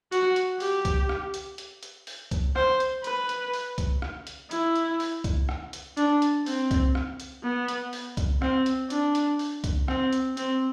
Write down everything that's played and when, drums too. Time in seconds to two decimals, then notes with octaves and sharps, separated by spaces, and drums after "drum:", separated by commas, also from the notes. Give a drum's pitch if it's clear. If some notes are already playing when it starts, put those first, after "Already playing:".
0.12 F#4, drum: hi-hat
0.36 drum: hi-hat
0.60 G4, drum: open hi-hat
0.85 drum: kick C2, hi-hat
1.09 drum: rim click
1.34 drum: hi-hat
1.58 drum: hi-hat
1.83 drum: hi-hat
2.07 drum: open hi-hat
2.31 drum: kick C2, hi-hat
2.56 C5, drum: rim click
2.80 drum: hi-hat
3.04 B4, drum: hi-hat
3.29 drum: hi-hat
3.53 drum: open hi-hat
3.78 drum: kick C2, hi-hat
4.02 drum: rim click
4.27 drum: hi-hat
4.51 E4, drum: hi-hat
4.76 drum: hi-hat
5.00 drum: open hi-hat
5.24 drum: kick C2, hi-hat
5.49 drum: rim click
5.73 drum: hi-hat
5.97 D4, drum: hi-hat
6.22 drum: hi-hat
6.46 C4, drum: open hi-hat
6.71 drum: kick C2, hi-hat
6.95 drum: rim click
7.20 drum: hi-hat
7.44 B3
7.68 drum: hi-hat
7.93 drum: open hi-hat
8.17 drum: kick C2, hi-hat
8.42 C4, drum: rim click
8.66 drum: hi-hat
8.90 D4, drum: hi-hat
9.15 drum: hi-hat
9.39 drum: open hi-hat
9.64 drum: kick C2, hi-hat
9.88 C4, drum: rim click
10.13 drum: hi-hat
10.37 C4, drum: hi-hat